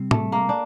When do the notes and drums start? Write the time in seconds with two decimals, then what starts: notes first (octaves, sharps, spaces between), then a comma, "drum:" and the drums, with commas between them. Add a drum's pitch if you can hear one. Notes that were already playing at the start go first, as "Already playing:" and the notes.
Already playing: C3 G3 C4
0.11 A3, drum: tom A2
0.32 A#3
0.49 D4